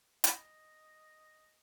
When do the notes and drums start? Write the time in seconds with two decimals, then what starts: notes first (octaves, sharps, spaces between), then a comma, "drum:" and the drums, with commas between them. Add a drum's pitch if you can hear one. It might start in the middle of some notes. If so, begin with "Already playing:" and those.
0.24 D#5, drum: hi-hat